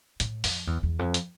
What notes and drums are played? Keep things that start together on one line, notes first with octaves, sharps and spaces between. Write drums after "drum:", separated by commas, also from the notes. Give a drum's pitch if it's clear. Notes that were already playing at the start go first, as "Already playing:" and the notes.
A2, drum: hi-hat
F2, drum: open hi-hat
E2
E2
F2
drum: hi-hat